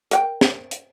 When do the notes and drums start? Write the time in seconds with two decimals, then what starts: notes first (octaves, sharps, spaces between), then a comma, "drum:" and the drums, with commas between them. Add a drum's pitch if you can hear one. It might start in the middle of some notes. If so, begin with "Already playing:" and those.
0.11 A#4 F#5 G5, drum: hi-hat
0.41 drum: snare
0.71 drum: hi-hat